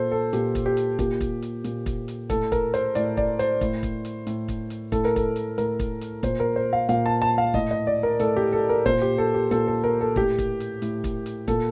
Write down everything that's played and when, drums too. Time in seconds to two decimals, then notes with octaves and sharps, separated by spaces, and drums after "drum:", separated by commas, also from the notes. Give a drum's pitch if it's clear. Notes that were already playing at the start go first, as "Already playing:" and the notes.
Already playing: A#2 A4 C5
0.12 A4
0.33 A#2 G4, drum: hi-hat
0.55 drum: kick, hi-hat
0.66 G4
0.77 drum: hi-hat
0.99 A#2 G4, drum: kick, hi-hat
1.21 drum: kick, hi-hat
1.42 drum: hi-hat
1.64 A#2, drum: hi-hat
1.86 drum: kick, hi-hat
2.08 drum: hi-hat
2.30 A2 A4, drum: kick, hi-hat
2.52 A#4, drum: kick, hi-hat
2.74 C5, drum: hi-hat
2.95 A2 D5, drum: hi-hat
3.17 D5, drum: kick
3.39 C5, drum: hi-hat
3.61 A2, drum: kick, hi-hat
3.83 drum: kick, hi-hat
4.05 drum: hi-hat
4.27 A2, drum: hi-hat
4.48 drum: kick, hi-hat
4.70 drum: hi-hat
4.92 A2 A4, drum: kick, hi-hat
5.05 A#4
5.16 A4, drum: kick, hi-hat
5.36 drum: hi-hat
5.58 A2 A#4, drum: hi-hat
5.80 drum: kick, hi-hat
6.01 drum: hi-hat
6.23 A#2 C5, drum: kick, hi-hat
6.40 A#4
6.56 C5
6.73 F5
6.89 A#2 F5, drum: hi-hat
7.06 A5
7.22 A5
7.38 F5
7.54 A2 D#5, drum: kick
7.71 D#5
7.87 D5
8.03 A#4
8.20 A2 A4, drum: hi-hat
8.37 G4
8.53 A4
8.69 A#4
8.86 A#2 C5, drum: kick, hi-hat
9.02 G4
9.18 A4
9.34 G4
9.51 A#2 A4, drum: hi-hat
9.67 A4
9.84 A#4
10.01 A4
10.16 A2 G4, drum: kick
10.38 drum: kick, hi-hat
10.60 drum: hi-hat
10.82 A2, drum: hi-hat
11.04 drum: kick, hi-hat
11.26 drum: hi-hat
11.48 A#2 A4, drum: kick, hi-hat